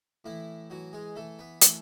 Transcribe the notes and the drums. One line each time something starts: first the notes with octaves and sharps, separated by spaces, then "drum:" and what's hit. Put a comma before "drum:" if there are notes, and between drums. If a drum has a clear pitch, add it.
A2 E3 E4
E3 F#3 F#4
G#3 G#4
E3 A3 A4
B3 B4
E3 A3 A4, drum: hi-hat